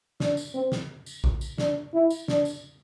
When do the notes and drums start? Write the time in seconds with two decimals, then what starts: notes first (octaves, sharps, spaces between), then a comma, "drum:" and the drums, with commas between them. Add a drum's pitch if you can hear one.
0.20 D4, drum: snare
0.37 drum: tambourine
0.54 C4
0.72 drum: snare
1.06 drum: tambourine
1.24 drum: kick A#1
1.41 drum: tambourine
1.58 D4, drum: snare
1.94 E4
2.10 drum: tambourine
2.28 D4, drum: snare
2.45 drum: tambourine